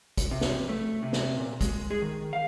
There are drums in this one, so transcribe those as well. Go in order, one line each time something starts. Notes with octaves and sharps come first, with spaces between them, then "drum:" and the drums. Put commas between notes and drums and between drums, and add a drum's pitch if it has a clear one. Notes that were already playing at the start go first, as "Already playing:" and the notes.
drum: kick, hi-hat
C3
drum: snare
F2
A3
C3
drum: snare
A#2
G#3, drum: kick, hi-hat
G#4
D#3
F5